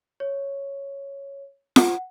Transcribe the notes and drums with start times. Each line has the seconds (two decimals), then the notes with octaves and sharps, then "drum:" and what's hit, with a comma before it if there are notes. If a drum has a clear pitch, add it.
0.20 C#5
1.76 F#5, drum: snare F4